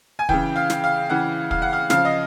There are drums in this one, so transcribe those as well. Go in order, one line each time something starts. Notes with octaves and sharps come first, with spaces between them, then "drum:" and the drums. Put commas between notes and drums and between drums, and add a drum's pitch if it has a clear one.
G#5
C#3 E3 G5, drum: kick
F5
drum: snare
F5
C#3 E3 F#5
F5, drum: kick
F#5
F5
C#3 F3 F5, drum: snare
D#5